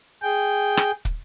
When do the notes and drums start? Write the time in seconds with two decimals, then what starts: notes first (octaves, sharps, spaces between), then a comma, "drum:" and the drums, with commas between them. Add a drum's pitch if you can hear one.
0.22 G#4 G5
0.77 drum: rim click
1.05 drum: kick